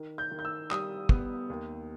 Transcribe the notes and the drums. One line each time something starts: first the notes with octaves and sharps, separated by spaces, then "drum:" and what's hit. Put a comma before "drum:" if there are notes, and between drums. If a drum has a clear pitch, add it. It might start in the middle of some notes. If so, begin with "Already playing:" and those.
Already playing: D#3
G6
D#3
G6
E6
G3 D#6, drum: clap
B3, drum: kick
D#2